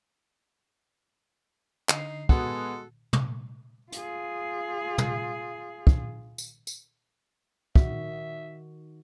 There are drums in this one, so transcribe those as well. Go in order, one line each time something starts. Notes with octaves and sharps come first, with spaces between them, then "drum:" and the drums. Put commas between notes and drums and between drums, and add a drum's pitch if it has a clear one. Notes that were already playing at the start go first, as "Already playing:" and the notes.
D3 D#4 C7, drum: clap
G#3 B3 F#4 G#4 A4 F#5 F#6, drum: kick
drum: tom
F4 G#4, drum: hi-hat
drum: tom
drum: kick
drum: tambourine
drum: tambourine
D#3 F#4 E5, drum: kick